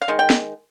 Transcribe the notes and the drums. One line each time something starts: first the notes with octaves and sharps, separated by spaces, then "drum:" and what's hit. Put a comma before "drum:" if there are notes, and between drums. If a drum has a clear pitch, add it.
F5
D#3 G#3
G5
drum: snare